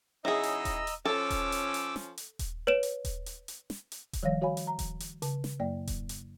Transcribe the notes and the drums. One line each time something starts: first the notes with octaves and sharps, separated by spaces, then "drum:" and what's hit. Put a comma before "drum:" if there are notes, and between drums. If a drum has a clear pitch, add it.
C#3 F#3 D#4 E4 G#4 D#5 A#5 E6
drum: hi-hat
drum: kick D#1, hi-hat
drum: hi-hat
F3 C#4 A4 D6 E6
drum: kick D#1, hi-hat
drum: hi-hat
drum: hi-hat
drum: snare
drum: hi-hat
drum: kick D#1, hi-hat
B4 C#5 D7 E7
drum: hi-hat
drum: kick D#1, hi-hat
drum: hi-hat
drum: hi-hat
drum: snare
drum: hi-hat
drum: kick D#1, hi-hat
D#3 F3 G3 C#5 F5 A#6
F#4 C#5 F5 G#5 B5
drum: hi-hat
A#5
drum: kick D#1, hi-hat
drum: hi-hat
C#3 A5, drum: hi-hat
drum: snare
F#2 F#3 A#3 D5 G5
drum: kick D#1, hi-hat
drum: hi-hat